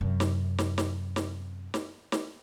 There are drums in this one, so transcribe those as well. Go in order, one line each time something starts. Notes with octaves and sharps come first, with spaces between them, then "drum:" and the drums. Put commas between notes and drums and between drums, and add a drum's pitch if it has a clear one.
F#2 C3
drum: snare
drum: snare
drum: snare
drum: snare
drum: snare
drum: snare